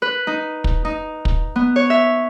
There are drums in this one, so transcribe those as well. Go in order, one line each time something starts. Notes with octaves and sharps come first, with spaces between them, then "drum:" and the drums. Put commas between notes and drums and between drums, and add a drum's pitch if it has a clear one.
B4
D#4
drum: kick
D#4
drum: kick
B3
C#5
E5